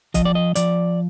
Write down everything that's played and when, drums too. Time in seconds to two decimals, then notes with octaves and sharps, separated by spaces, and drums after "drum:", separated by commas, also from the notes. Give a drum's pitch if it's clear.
0.14 F3 D#5, drum: kick, hi-hat
0.25 D5
0.35 D#5
0.55 F3 D5, drum: hi-hat